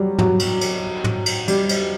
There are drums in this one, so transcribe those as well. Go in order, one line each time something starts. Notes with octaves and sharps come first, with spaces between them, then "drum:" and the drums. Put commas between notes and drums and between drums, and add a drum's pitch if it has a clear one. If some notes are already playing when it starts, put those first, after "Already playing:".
Already playing: F#3 G3
F#3, drum: tom
drum: cymbal
drum: cymbal
drum: tom
drum: cymbal
G3, drum: cymbal
drum: cymbal